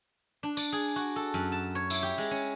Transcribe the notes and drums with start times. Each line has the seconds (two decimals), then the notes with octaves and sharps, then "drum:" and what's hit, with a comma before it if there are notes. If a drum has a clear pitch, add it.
0.43 D4
0.57 D5, drum: tambourine
0.72 G#4
0.96 F#4
1.16 A4
1.34 F#2
1.52 A5
1.75 C#5
1.90 E4, drum: tambourine
2.03 G4
2.18 G#3
2.31 C#4